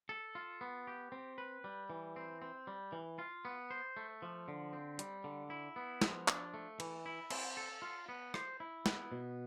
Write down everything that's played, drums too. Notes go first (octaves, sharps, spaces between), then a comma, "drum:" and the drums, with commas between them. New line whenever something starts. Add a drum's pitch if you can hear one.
A4
F4
B3
G4
C4
B4
G3
E3
C4
C4
G3
E3
F4
B3
C5
A3
F3
D3
C4
G3, drum: hi-hat
D3
E4
B3
F3, drum: snare
D4, drum: clap
A3
E3, drum: cymbal
E4
C4, drum: cymbal
A4
F4
B3
C5, drum: rim click
E4
B3, drum: snare
B2